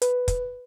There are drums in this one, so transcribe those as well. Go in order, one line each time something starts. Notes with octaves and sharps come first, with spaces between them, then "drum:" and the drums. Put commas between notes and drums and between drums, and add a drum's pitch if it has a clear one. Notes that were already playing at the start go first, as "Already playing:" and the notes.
B4, drum: hi-hat
drum: kick, hi-hat